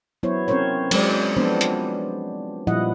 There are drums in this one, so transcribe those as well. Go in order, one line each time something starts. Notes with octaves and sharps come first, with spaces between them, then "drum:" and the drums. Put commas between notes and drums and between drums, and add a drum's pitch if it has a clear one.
F#3 B3 E4 C5 C#5
C4 C#4 A#4 C5 C#5
F#3 G#3 D5, drum: cymbal
F3 G#3 B3 C4 D4 C5
drum: hi-hat
A#2 F3 G3 E4 D#5 F#5